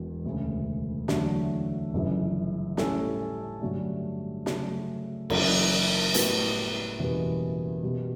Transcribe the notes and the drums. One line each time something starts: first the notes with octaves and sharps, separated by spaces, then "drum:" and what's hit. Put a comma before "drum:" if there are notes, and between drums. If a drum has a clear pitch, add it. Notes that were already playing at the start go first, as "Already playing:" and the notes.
Already playing: E1 E2 B2
E1 D2 C#3
E2 D3 F#3 A3, drum: snare
G1 F#2 C#3 E3
A2 G3 C#4 E4 A4, drum: snare
G2 D3 F#3 A3 D4
C#3 F#3 A3, drum: snare
F#1 F#2 E3, drum: cymbal
A2 G3 B3 F#4 B4, drum: hi-hat
F#1 E2 B2 G3 B3
B2 G3 B3